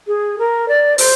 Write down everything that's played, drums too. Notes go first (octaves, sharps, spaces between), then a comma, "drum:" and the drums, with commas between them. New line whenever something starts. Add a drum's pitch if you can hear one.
G#4
A#4
D5
C5, drum: open hi-hat